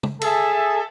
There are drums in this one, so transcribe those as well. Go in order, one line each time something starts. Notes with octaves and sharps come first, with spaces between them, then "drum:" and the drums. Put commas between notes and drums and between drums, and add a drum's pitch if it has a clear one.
drum: tom
G#4 A4 E5, drum: cymbal